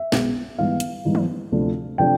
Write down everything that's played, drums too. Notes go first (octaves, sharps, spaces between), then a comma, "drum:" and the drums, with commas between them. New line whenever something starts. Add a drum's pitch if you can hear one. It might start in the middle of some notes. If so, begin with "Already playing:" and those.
Already playing: E5
B1 B2 G#3, drum: snare
G#2 E3 G3 B3 D#4 F5
drum: hi-hat
G#2 E3 G3 B3 D#4
drum: tom
D2 C3 F3 A3 D4
C3 F3 A3 D4 G5